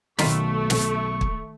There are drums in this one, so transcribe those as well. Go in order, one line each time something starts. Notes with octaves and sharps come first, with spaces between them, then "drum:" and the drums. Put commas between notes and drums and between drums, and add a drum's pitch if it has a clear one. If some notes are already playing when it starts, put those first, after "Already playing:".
B1 D#3 A3 F4 B5 C#6, drum: snare
drum: snare
drum: kick